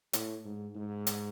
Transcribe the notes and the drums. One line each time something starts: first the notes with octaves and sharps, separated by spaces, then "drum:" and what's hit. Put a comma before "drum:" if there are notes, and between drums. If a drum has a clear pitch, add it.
A2, drum: hi-hat
G#2
G#2
drum: hi-hat